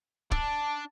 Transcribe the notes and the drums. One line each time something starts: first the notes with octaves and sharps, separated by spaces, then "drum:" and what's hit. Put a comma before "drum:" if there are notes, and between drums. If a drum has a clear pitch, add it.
D4 A5, drum: kick